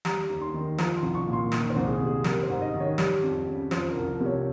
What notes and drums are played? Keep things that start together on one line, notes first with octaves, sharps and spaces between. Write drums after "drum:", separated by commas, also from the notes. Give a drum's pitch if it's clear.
G3 A#5, drum: snare
D#2
C6
D#3
F3 A#5, drum: snare
C6
C2
C#6
A#2
C6
D#3, drum: snare
C5
C2
G#4
C3
G#4
G3 A#4, drum: snare
C5
G#2
D#5
D#3
C#5
G3, drum: snare
F2
C#3
F3 C5, drum: snare
A#4
C2
A#4
C3
C#5